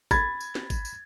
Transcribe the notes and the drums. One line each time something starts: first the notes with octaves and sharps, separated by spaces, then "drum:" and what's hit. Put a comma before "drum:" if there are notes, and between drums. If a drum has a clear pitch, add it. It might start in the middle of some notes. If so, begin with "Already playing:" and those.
B5 G#6 A6, drum: kick, tambourine
drum: tambourine
drum: snare
drum: kick, tambourine
drum: tambourine